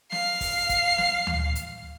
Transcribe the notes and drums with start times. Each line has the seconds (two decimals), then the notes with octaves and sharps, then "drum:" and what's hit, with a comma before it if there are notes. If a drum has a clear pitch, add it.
0.12 F5 C7, drum: snare
0.41 drum: kick, open hi-hat
0.69 drum: kick, hi-hat
0.98 drum: snare
1.27 drum: tom D2
1.55 drum: hi-hat